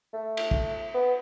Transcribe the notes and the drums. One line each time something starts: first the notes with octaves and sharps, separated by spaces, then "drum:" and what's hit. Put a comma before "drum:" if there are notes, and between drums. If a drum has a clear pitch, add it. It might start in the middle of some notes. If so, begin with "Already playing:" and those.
A3
drum: cymbal
drum: kick
B3